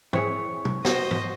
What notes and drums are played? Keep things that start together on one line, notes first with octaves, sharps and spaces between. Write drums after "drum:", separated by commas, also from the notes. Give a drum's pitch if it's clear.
C4 E4 G#4 C#5 C#6, drum: tom
drum: tom
F#4 C5 D#5, drum: snare B4
drum: tom